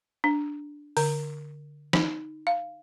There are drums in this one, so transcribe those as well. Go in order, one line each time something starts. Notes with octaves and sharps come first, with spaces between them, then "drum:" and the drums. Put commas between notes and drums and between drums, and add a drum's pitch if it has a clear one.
D4
D3, drum: open hi-hat
D#4, drum: snare
F5